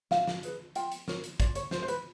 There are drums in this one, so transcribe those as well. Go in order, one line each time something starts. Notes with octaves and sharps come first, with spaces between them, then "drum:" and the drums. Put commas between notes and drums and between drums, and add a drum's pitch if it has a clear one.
E4 F5, drum: snare
drum: snare
G#4 B4, drum: hi-hat
F4 G5, drum: hi-hat
drum: hi-hat
A#4 C#5, drum: snare
drum: hi-hat
F4 D5, drum: kick, hi-hat
C#5, drum: hi-hat
A#4 C5, drum: snare
C5
B4, drum: hi-hat